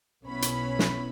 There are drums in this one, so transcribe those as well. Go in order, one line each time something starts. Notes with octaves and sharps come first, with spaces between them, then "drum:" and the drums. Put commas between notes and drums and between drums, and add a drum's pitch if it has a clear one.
B1 B3 C#4 E4 C#5 B5
drum: hi-hat
drum: snare